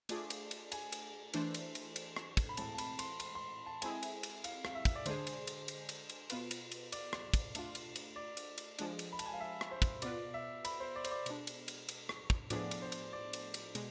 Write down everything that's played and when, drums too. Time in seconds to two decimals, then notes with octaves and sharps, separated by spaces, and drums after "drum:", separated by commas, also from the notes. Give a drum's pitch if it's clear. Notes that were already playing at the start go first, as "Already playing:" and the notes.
0.09 A3 D4 F4 G#4 D5, drum: cymbal
0.30 drum: cymbal
0.51 drum: cymbal
0.72 G#5, drum: cymbal
0.92 drum: cymbal
1.33 E3 A3 D4 A4 C5, drum: cymbal
1.54 drum: cymbal
1.75 drum: cymbal
1.96 drum: cymbal
2.16 drum: rim click
2.37 drum: kick, cymbal
2.49 B5
2.57 A2 E3 G#3 C4 A5, drum: cymbal
2.74 A5
2.78 B5, drum: cymbal
2.99 C6, drum: cymbal
3.20 C6, drum: cymbal
3.35 C6
3.66 A5
3.82 G#3 C4 E4 G#4 G#5, drum: cymbal
4.03 drum: cymbal
4.23 drum: cymbal
4.44 F5, drum: cymbal
4.65 F5, drum: rim click
4.75 E5
4.85 drum: kick, cymbal
4.95 D5
5.06 D3 G#3 D4 G#4 C5, drum: cymbal
5.27 drum: cymbal
5.47 drum: cymbal
5.68 drum: cymbal
5.89 drum: cymbal
6.09 drum: cymbal
6.30 B2 B3 F4 B4, drum: cymbal
6.51 drum: cymbal
6.71 drum: cymbal
6.92 D5, drum: cymbal
7.13 drum: rim click
7.34 drum: kick, cymbal
7.55 A3 D4 F4, drum: cymbal
7.75 drum: cymbal
7.96 drum: cymbal
8.16 D5
8.37 drum: cymbal
8.58 drum: cymbal
8.79 F3 G#3 D4, drum: cymbal
8.99 drum: cymbal
9.13 B5
9.19 A5, drum: cymbal
9.26 G#5
9.33 F5
9.40 E5
9.61 drum: rim click
9.71 C5
9.82 drum: kick, cymbal
10.02 B2 B3 F4 B4 D5, drum: cymbal
10.34 E5
10.65 B5, drum: cymbal
10.80 C5
10.96 D5
11.05 C5, drum: cymbal
11.11 D5
11.26 B2 G#3 D4, drum: cymbal
11.47 drum: cymbal
11.68 drum: cymbal
11.89 drum: cymbal
12.09 drum: rim click
12.30 drum: kick
12.50 A2 F3 B3 D4 G#4 D5, drum: cymbal
12.71 drum: cymbal
12.82 C5
12.92 drum: cymbal
13.13 D5
13.33 drum: cymbal
13.54 drum: cymbal
13.75 B2 G#3, drum: cymbal